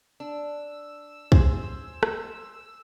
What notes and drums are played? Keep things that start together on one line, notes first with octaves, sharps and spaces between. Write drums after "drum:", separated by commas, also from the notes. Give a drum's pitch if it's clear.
D4 E6
G#4 C5, drum: kick
drum: rim click